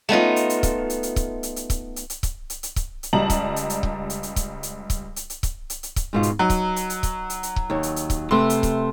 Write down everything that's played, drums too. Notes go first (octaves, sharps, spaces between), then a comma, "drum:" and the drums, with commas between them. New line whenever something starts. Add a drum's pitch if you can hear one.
A3 B3 D#4 F4
drum: hi-hat
drum: hi-hat
drum: kick C#1, hi-hat
drum: hi-hat
drum: hi-hat
drum: kick C#1, hi-hat
drum: hi-hat
drum: hi-hat
drum: kick C#1, hi-hat
drum: hi-hat
drum: hi-hat
drum: kick C#1, hi-hat
drum: hi-hat
drum: hi-hat
drum: kick C#1, hi-hat
drum: hi-hat
C#2 G3 D#5 A5 A#5 F#7
drum: kick C#1, hi-hat
drum: hi-hat
drum: hi-hat
drum: kick C#1
drum: hi-hat
drum: hi-hat
drum: kick C#1, hi-hat
drum: hi-hat
drum: kick C#1, hi-hat
drum: hi-hat
drum: hi-hat
drum: kick C#1, hi-hat
drum: hi-hat
drum: hi-hat
drum: kick C#1, hi-hat
G#2 B2 F4
drum: hi-hat
F#3 D#4
drum: kick C#1, hi-hat
drum: hi-hat
drum: hi-hat
drum: kick C#1, hi-hat
drum: hi-hat
drum: hi-hat
drum: kick C#1
D#2 C#5
drum: hi-hat
drum: hi-hat
drum: kick C#1, hi-hat
C3 A3 B4 C6
drum: hi-hat
drum: kick C#1, hi-hat